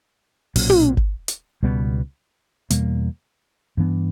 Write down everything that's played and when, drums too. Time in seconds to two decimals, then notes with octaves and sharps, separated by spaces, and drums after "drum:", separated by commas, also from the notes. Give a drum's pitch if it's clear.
0.56 B1 A#2 F#3 C#4, drum: open hi-hat
0.70 drum: tom
0.97 drum: kick G#1
1.28 drum: hi-hat
1.63 C#2 B2 G3 B3
2.70 E2 B2 G3 A#3, drum: hi-hat
3.77 G2 E3 B3 D4